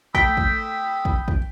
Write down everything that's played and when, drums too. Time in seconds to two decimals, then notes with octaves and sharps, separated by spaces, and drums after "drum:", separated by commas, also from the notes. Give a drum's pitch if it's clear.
0.15 A3 G5 B5 D#6 E6 B6, drum: kick
0.37 drum: kick
1.05 drum: kick
1.28 drum: kick